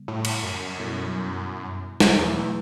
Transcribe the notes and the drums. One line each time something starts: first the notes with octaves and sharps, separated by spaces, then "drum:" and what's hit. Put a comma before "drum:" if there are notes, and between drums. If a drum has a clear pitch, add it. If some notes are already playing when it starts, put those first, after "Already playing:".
Already playing: C#3 G3 B3
A2
drum: cymbal
F#2
B2 G3 B3 E4 A4
drum: snare
E2 B2 F#3 A3 E4 B4